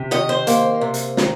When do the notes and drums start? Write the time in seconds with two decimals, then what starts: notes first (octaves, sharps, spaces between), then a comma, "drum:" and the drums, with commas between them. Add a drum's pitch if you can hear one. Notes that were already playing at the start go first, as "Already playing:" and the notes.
Already playing: C3
0.11 D#3 D#5
0.29 C5
0.47 A#3, drum: hi-hat
0.81 C3
0.94 drum: hi-hat
1.17 D#3, drum: snare